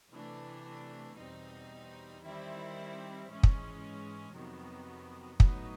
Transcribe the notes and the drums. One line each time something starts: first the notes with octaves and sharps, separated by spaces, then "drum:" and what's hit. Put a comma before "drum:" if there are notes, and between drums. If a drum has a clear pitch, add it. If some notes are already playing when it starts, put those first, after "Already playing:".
C3 E3 A3 D4
E2 B2 G3 C4 D#4
D#3 G3 C4 E4
G#2 E3 G#3 C#4
drum: kick
F2 C3 D#3 F#3 B3
A2 F#3 B3 D#4, drum: kick